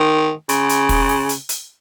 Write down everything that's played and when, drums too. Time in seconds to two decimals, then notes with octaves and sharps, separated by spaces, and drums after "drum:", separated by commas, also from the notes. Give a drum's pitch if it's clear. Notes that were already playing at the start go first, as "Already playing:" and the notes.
Already playing: D#3
0.49 C#3, drum: hi-hat
0.69 drum: hi-hat
0.89 drum: kick, open hi-hat
1.09 drum: open hi-hat
1.29 drum: hi-hat
1.49 drum: hi-hat